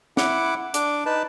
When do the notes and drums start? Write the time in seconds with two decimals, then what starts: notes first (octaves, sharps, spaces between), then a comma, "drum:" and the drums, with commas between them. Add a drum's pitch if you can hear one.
0.17 E4 F#5 D6, drum: snare
0.74 D4 D6, drum: hi-hat
1.06 D#4 B4 A5